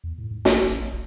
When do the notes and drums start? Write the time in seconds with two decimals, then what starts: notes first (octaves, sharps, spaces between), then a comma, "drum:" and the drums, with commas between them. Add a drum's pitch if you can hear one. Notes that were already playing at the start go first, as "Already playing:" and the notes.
0.04 E2
0.18 A2
0.31 G#2
0.45 A1, drum: snare
0.61 F#1
0.76 A#1
0.92 D#1